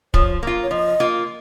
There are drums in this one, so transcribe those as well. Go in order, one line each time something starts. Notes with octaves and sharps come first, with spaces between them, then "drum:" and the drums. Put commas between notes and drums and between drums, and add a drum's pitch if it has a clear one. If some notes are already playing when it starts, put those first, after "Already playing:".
F3 C#5, drum: kick
A#3 F4
C#5
F3 D#5
A#3 F4